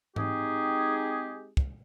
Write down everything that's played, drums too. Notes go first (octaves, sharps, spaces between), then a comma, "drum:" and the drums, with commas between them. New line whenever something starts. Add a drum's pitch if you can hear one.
G#3 C4 D#4 G4 G#4, drum: tom G#2
drum: kick